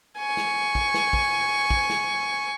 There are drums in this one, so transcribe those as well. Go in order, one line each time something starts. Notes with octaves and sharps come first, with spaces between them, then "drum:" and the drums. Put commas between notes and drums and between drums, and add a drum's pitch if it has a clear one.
G#5 C#6
drum: snare
drum: kick
drum: snare
drum: kick
drum: kick
drum: snare